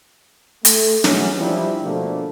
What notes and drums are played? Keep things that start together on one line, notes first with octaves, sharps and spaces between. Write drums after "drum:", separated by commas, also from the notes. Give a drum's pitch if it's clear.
A3, drum: hi-hat
B2 E3 F#3 G#3 C#4, drum: snare
F3 G3 D4 E4 G4
B2 D3 F3 A3 A#3 D4